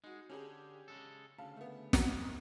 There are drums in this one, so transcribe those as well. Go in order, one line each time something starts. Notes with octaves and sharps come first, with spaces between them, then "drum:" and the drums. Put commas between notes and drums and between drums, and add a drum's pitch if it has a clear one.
G#3 D#4 F#4
D3 C#4 G4 G#4
C#3 G#3 A4
D2 C#3 F5 A5
A3 B3
drum: snare
D#3 G#3